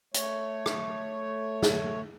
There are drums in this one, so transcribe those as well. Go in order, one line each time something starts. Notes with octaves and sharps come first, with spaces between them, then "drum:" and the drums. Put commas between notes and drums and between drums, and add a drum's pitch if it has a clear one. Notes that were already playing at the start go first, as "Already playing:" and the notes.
A3 C#5, drum: hi-hat
drum: rim click
drum: snare